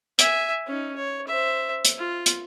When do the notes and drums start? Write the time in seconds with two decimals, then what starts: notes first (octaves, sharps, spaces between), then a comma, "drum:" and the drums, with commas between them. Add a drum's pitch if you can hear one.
0.19 E5 G#5, drum: hi-hat
0.67 C#4 D#4
0.96 C#5
1.28 C5 E5
1.85 drum: hi-hat
1.98 F4
2.26 drum: hi-hat